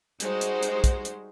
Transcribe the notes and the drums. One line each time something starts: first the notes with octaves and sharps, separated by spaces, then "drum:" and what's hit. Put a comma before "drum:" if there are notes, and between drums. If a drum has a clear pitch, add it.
G3 G#3 D#4 F#4 C5, drum: hi-hat
drum: hi-hat
drum: hi-hat
drum: kick, hi-hat
drum: hi-hat